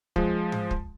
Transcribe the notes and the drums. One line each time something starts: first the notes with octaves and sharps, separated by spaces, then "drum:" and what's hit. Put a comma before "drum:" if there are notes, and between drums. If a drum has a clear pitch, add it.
F3 G#3, drum: kick
drum: tom G#2
drum: kick